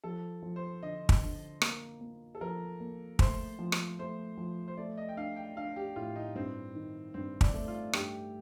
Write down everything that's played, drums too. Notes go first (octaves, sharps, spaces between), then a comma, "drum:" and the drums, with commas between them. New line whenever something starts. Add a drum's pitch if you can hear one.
F3 A4
F3
C5
D3 D#5
drum: kick
D3
A#3, drum: rim click
A#3
A4
F3 A#4
A#3
A3 C5, drum: kick
F3
drum: rim click
A3 C5
F3
C5
A3 D5
D#5
G5
D4 F5
G5
D4 F5
G4
A2 F4
D#4
G2 C4
D#3
G2 C4
D4, drum: kick
A3
F4
G2 G4, drum: rim click